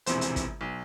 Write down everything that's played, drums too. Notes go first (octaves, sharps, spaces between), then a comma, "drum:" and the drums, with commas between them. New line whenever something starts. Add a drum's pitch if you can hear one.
E1 A#1 C3 E3 C5, drum: hi-hat
drum: hi-hat
drum: kick, hi-hat
B1